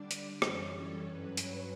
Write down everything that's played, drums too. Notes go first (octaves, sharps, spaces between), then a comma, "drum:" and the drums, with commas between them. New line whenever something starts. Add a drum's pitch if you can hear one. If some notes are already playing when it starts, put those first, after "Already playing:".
Already playing: D3 G3 D4 D5
drum: hi-hat
F#2 E3 G3 C#4 C#5, drum: rim click
A4
G2 F#3 C#4 B4
C#5, drum: hi-hat